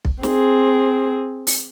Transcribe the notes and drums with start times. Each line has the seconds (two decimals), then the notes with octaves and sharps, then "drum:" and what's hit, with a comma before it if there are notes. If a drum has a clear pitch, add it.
0.05 drum: kick B1
0.23 C4 G#4, drum: snare
1.47 drum: open hi-hat